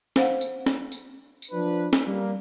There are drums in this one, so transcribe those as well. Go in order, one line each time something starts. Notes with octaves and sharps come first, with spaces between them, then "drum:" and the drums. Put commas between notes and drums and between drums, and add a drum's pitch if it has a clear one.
C5 F5 F#5, drum: snare
drum: tambourine
drum: snare
drum: tambourine
drum: tambourine
F3 D4 B4
drum: snare
G3 A#3